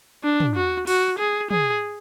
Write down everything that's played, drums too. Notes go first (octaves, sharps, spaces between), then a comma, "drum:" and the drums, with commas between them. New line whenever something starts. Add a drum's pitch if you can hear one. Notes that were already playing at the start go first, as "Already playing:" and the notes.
D4
drum: tom
F#4
F#4, drum: open hi-hat
G#4
G#4, drum: tom